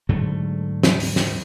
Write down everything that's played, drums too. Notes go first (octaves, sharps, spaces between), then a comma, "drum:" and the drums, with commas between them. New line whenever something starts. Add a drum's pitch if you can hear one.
G#2 D3 F#3 A3
drum: snare
drum: open hi-hat
drum: snare